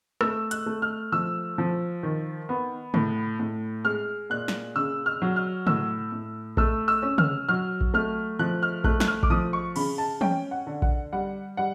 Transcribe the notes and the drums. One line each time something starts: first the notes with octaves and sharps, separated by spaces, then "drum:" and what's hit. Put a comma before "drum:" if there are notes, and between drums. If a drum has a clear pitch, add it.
A3 E6, drum: rim click
F#6, drum: hi-hat
A3
F6
F3 E6
F3
D#3
B3
A2, drum: tom
A2
G#3 F6
A#2 F#6
drum: snare
C#3 E6
F6
F#3
F6
A2 E6, drum: tom
A2
A3 E6, drum: kick A#1
E6
C#4
F6, drum: tom
F#3 F6
drum: kick A#1
A3 F6
F3 F#6
F6
A3 F#6, drum: kick A#1
F#6, drum: snare
F6
D6, drum: kick A#1
F3 D#6
C#6
C#3 B5, drum: cymbal
A5
C#4 G5, drum: tom
F#5
D3
F#5, drum: kick A#1
G3 F#5
G3 F#5